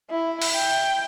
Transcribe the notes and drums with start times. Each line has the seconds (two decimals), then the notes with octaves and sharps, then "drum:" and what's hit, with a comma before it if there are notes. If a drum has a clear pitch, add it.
0.10 E4
0.42 drum: open hi-hat
0.55 G5